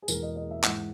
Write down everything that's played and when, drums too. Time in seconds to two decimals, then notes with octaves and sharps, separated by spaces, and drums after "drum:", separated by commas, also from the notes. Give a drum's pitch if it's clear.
0.02 G#4
0.08 E2 B2 G#3 A#4, drum: tambourine
0.23 D#5
0.36 D#5
0.51 E5
0.64 G#2 E3 G#3 F#5, drum: clap